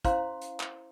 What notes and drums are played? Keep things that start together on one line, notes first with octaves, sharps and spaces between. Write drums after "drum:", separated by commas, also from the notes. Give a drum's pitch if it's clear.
C#4 E4 C5 F5 A#5 C6, drum: kick, hi-hat
drum: hi-hat
drum: clap